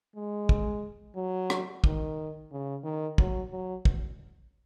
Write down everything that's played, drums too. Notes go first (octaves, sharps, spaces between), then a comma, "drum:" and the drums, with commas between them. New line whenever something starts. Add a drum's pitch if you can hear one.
G#3
drum: kick
F#3
drum: rim click
D#3, drum: kick
C#3
D#3
F#3, drum: kick
F#3
drum: kick